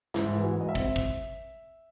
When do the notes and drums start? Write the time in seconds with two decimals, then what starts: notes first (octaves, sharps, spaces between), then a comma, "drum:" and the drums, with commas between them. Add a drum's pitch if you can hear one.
0.14 G#2 E4, drum: snare
0.35 E3
0.42 F#4
0.55 G#2
0.61 D#5
0.69 E5
0.75 C4, drum: kick
0.96 drum: kick